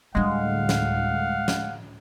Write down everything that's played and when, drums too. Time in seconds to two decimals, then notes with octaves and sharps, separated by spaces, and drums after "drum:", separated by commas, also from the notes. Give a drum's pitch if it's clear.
0.15 D2 A2 G3 G#3 D4 F5 F#5
0.69 drum: snare
1.48 drum: snare